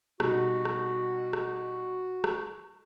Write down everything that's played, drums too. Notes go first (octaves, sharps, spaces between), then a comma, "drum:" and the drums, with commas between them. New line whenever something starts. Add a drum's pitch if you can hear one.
B2 G3 D#4 F#4, drum: rim click
drum: rim click
drum: rim click
drum: rim click